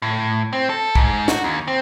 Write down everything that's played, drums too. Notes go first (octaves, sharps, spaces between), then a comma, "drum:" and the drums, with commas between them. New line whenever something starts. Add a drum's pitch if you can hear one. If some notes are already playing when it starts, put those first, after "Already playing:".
A2
C4
A4
G#2, drum: kick
F#4, drum: snare
D#2
C4